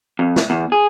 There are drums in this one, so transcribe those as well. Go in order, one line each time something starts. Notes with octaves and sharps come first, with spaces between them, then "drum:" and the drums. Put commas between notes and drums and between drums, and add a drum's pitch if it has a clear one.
F2
drum: snare
E2
G#4